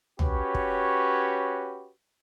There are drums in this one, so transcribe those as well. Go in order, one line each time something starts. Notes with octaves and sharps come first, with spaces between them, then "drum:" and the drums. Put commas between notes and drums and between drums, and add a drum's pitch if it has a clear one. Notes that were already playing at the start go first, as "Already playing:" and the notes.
C#4 F#4 G4 B4 C#5, drum: tom
drum: kick